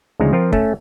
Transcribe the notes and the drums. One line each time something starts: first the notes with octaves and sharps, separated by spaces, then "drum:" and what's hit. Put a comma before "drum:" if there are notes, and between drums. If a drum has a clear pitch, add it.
D2 C#3 F3 G#3 D#4 A#5
F3 C4 F4 A#4 F5
A3 C#4 A5, drum: kick